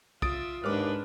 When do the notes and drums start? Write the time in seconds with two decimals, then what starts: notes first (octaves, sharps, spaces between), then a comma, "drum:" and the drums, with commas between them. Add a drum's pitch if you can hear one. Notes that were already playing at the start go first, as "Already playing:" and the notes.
0.22 F4 E5 D#6 A6 D7, drum: kick
0.64 D#2 G#2 D4 B4 D6 F6